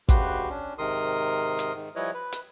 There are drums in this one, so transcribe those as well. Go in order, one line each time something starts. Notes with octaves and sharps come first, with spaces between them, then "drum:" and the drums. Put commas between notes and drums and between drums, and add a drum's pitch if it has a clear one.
D2 C#3 F#4 G4 B4 C6, drum: kick, hi-hat
C#4 D4
G#2 C3 D#3 A#4 C6 D#6
drum: hi-hat
G#2 D#3
F3 G3 E4 B4 C#5 D#5
B4
drum: hi-hat